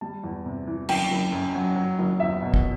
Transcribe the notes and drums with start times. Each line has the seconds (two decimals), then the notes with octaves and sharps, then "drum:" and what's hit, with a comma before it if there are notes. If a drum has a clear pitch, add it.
0.01 G3 A5
0.24 E2
0.46 C3
0.67 E3
0.89 F#1 G5, drum: cymbal
1.11 F#1
1.32 F#2
1.55 F#3
1.76 F#3
1.99 F#1
2.20 E2 E5
2.42 B2
2.54 drum: kick